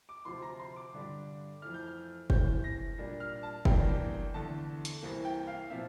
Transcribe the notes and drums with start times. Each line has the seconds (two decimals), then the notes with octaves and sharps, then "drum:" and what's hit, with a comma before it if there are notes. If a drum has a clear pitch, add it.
0.09 D6
0.25 D2 C3 F3 C6
0.42 A#5
0.60 C6
0.76 D6
0.94 G2 D3 G3 D4
1.62 F2 E3 A3 F6
1.74 G6
1.86 F6
2.30 C3 E3 A3 G6, drum: kick F#1
2.64 A#6
2.98 A#2 G3 A#3 D4
3.20 F6
3.43 A5
3.65 E2 E3 G3 A#3 D4 G5, drum: kick F#1
4.34 E2 D3 A3 A5
4.85 drum: hi-hat
5.02 C2 C3 E3 A#3
5.25 G5
5.47 F5
5.70 A#2 F3 C4 E5